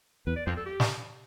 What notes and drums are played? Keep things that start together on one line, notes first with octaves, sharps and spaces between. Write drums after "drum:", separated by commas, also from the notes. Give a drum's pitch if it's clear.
E2 B4
D5
F2 C5
A4
G4
drum: snare